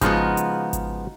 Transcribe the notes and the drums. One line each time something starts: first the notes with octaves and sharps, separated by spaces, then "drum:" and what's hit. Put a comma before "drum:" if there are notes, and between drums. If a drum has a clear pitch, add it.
C#3 F3 G#3 B3 D#4 F4 F#4 F#5, drum: kick G#1, hi-hat
drum: hi-hat
drum: kick G#1, hi-hat